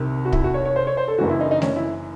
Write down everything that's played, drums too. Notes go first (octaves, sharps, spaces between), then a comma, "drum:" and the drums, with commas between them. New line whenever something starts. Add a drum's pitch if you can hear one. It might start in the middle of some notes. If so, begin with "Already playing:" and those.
Already playing: C2 C3 D#3
F#4
E4, drum: kick
F#4
C#5
C#5
C5
C#5
C5
A4
F#1 F#2 E3 F#4
E4
D#4
D#4
C#4, drum: snare A3
E4